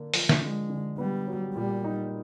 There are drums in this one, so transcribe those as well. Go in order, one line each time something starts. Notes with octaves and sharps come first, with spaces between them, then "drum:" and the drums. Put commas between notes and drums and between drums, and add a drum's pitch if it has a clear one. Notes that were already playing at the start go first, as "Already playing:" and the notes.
Already playing: D3 A#3 D4
F3, drum: open hi-hat
drum: snare
D3 G#3
D3
G3 B3
F#3
A#2 G3
D#4